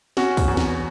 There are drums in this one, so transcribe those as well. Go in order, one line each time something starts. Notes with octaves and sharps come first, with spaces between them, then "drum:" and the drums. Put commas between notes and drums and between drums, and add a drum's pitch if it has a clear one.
C#4 F#4, drum: snare
drum: kick, open hi-hat
E2
drum: snare